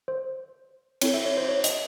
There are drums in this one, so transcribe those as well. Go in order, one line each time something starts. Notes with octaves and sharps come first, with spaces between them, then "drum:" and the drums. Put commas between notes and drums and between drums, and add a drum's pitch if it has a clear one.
C5
C4 E4 A4 C#5, drum: cymbal
E5
C#5
C5
C#5
D#5, drum: hi-hat